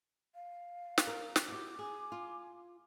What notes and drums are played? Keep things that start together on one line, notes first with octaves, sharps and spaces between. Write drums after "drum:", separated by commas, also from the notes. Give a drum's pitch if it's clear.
F5
drum: snare
A#4
drum: snare
E4 F#4 G4 D6
G#4 G#5
F4